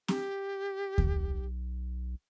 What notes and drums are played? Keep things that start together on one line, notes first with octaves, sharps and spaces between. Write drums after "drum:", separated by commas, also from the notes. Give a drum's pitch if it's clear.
G4, drum: snare C4
B1, drum: kick D#2